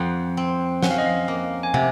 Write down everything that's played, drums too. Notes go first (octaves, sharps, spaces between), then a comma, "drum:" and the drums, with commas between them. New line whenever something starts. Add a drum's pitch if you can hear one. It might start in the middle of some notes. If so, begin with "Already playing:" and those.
Already playing: F2 F3 C4 F#5
C4
C#4 F#5, drum: snare
F5
D#5
F5
A#3
G#5
C3 F#5, drum: tom